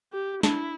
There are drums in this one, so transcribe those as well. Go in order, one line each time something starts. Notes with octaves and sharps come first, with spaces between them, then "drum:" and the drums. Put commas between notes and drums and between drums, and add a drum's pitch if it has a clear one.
G4
D4 E4, drum: snare